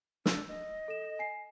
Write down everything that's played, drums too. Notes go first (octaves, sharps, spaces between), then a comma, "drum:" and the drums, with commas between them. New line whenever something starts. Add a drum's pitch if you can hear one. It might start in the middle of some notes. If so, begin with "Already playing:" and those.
D4 E6, drum: snare
D#5
A4 E7
G#5 C7